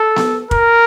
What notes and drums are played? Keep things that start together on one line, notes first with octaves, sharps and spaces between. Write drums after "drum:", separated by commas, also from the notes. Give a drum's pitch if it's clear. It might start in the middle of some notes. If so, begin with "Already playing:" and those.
Already playing: A4
drum: snare B3
A#4, drum: kick